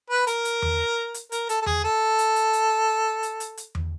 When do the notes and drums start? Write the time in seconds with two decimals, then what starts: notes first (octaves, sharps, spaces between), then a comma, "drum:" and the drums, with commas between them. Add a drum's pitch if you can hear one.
0.10 B4
0.27 A#4, drum: hi-hat
0.45 drum: hi-hat
0.62 drum: tom E2
1.14 drum: hi-hat
1.32 A#4, drum: hi-hat
1.49 A4, drum: hi-hat
1.62 A4
1.66 G#4, drum: tom E2
1.84 A4
2.19 drum: hi-hat
2.36 drum: hi-hat
2.53 drum: hi-hat
3.23 drum: hi-hat
3.40 drum: hi-hat
3.57 drum: hi-hat
3.75 drum: tom E2